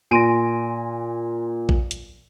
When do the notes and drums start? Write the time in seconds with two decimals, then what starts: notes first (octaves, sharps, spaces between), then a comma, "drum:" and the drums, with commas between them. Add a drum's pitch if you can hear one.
0.11 A#2 G#5 C6 A#6 D7 D#7
1.69 drum: kick A#1
1.91 drum: hi-hat